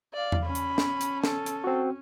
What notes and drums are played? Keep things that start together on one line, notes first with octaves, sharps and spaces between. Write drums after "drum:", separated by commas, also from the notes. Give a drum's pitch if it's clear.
D5 F5
drum: tom E2
C#4 B5
drum: hi-hat
drum: snare
drum: hi-hat
A4, drum: snare
drum: hi-hat
C4 F#4